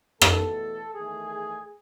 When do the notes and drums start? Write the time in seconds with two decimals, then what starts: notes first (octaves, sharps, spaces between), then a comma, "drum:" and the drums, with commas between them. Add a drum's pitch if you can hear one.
0.21 E2 B2 A3 A4, drum: rim click
0.95 E2 D#3 A3 G#4